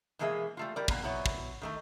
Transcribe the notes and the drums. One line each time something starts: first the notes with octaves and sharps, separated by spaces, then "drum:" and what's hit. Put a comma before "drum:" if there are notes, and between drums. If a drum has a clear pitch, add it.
B2 E3 G#3 A#3 G#4 E5
G3 A3 F4
G3 A#4 D5
B2 A#3, drum: kick
B2 F#3 E4 C#5
drum: kick
D#3 A3 D#4